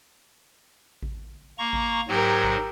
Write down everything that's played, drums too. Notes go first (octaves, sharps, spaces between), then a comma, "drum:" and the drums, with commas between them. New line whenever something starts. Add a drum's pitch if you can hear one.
drum: kick A1
A#3 A#5 C#6
drum: kick A1
G#2 F#3 G4 A#4
drum: kick A1